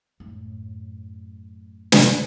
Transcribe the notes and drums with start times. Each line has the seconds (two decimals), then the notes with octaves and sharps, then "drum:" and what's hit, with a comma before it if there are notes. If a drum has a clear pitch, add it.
0.20 F#2 A2
1.92 drum: snare